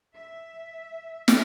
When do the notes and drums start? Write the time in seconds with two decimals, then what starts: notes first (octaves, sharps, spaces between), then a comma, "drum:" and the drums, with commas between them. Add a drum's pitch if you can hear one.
0.15 E5
1.28 drum: snare